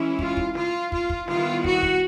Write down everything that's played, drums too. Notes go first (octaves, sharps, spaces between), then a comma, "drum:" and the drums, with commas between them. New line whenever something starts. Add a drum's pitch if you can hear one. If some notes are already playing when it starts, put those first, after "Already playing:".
Already playing: E3 G#3 C#4 E4
F4, drum: kick
drum: kick
F4, drum: snare
F4, drum: kick
drum: kick
D#3 G3 B3 E4 F4, drum: snare
F#4, drum: kick
drum: kick